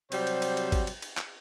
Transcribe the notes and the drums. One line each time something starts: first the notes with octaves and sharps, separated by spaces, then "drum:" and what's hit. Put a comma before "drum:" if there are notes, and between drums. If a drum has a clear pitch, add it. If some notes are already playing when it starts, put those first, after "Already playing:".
C3 F#3 G3 C5, drum: cymbal
drum: cymbal
drum: cymbal
drum: cymbal
drum: kick, cymbal
drum: cymbal
drum: cymbal
drum: clap